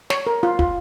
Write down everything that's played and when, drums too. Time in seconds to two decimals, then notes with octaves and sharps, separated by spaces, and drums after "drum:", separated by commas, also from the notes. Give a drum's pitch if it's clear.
0.10 C#5, drum: snare
0.27 A#4
0.43 F4
0.59 F4, drum: kick